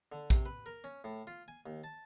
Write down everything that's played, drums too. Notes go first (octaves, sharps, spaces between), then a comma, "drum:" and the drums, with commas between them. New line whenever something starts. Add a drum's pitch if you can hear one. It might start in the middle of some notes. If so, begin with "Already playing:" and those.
D3
C3, drum: kick A#1, hi-hat
B4
A#4
C#4
A2
F4
G#5
D#2
A5